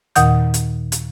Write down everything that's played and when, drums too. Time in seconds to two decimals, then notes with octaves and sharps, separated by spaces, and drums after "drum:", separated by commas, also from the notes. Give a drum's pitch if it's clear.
0.16 D#2 A#2 D#3 F#5 D#6 G6, drum: hi-hat
0.54 drum: hi-hat
0.92 drum: hi-hat